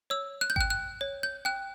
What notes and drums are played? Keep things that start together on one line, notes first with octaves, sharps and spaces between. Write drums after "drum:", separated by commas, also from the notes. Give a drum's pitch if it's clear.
C#5 E6
F#6
G6
G5 F#6, drum: kick G#1
F#6
C#5
G6
G5 F#6